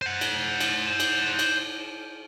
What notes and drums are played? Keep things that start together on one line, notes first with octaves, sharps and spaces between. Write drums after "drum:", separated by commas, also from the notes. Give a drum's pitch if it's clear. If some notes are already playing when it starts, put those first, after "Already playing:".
C5 F#5
drum: cymbal
drum: cymbal
drum: cymbal
drum: cymbal